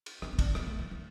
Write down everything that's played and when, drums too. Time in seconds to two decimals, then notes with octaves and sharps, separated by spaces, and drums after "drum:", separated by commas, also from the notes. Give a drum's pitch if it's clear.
0.06 drum: cymbal
0.22 D4, drum: rim click
0.33 C4
0.39 D4, drum: kick, cymbal
0.55 C4, drum: rim click
0.67 A3
0.79 E3
0.91 E3